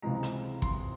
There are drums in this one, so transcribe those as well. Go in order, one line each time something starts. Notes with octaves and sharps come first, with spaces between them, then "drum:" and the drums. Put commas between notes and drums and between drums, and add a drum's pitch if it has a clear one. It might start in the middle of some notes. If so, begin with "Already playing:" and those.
C#2 C3 E3 G#3 A#5
drum: hi-hat
C6, drum: kick